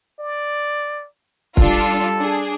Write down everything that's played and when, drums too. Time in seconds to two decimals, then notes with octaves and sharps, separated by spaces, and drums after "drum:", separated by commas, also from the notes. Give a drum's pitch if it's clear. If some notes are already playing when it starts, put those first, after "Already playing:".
0.19 D5
1.57 G3 D4 F4 A4, drum: kick
2.19 D4 G#4